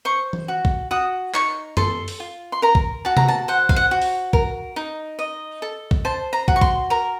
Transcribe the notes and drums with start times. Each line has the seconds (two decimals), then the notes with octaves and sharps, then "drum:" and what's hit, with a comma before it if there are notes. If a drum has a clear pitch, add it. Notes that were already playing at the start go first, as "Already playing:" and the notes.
0.05 C5 C#6
0.33 drum: tom E3
0.48 F#4
0.65 drum: kick
0.91 F#4 D#6
1.34 D#4 C#6, drum: clap
1.77 A4 C6, drum: tom F#2
2.08 drum: open hi-hat
2.20 F4
2.52 C6
2.62 A#4 A#5
2.75 drum: kick
3.05 F#4 A5
3.17 A#5, drum: tom C3
3.28 A5
3.48 C5 F#5
3.69 F5, drum: kick
3.76 F#5
3.91 F#4
4.02 drum: open hi-hat
4.33 A#4, drum: kick
4.76 D#4
5.19 D#5
5.62 A4
5.91 drum: kick
6.05 C5 A5
6.33 A#5
6.48 F#4, drum: kick
6.56 C#6
6.61 C6, drum: kick
6.90 A#4 A#5